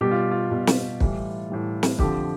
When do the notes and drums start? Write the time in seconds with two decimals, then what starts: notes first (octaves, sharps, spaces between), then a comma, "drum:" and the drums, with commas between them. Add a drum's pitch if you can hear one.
0.01 B2 G3 G4
0.11 F4
0.31 F4
0.50 B2 G3
0.67 drum: snare
1.00 A2 E3 G3, drum: kick
1.50 A2 E3 G3
1.83 drum: snare
1.99 F2 D3 F3 G4, drum: kick